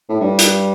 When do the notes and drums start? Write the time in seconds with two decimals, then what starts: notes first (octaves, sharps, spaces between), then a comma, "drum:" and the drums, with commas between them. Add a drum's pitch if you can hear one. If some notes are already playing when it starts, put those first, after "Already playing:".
0.09 A2
0.20 G2
0.39 drum: hi-hat